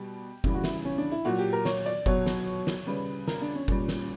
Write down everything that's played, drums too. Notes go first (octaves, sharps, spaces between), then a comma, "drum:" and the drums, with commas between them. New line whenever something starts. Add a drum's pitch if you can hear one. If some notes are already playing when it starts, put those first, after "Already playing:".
Already playing: B2 G3 G4
C#3 E3 G3, drum: kick F#1
F#4
E4, drum: snare
C#4
D4
E4
A#2 F#3 F#4
G4
A#4
C#5, drum: snare
D5
B2 F#3 C#5, drum: kick F#1
drum: snare
drum: snare
C#3 G3 B4
A#4, drum: snare
D4
C#4
A#2 G3 C#4, drum: kick F#1
drum: snare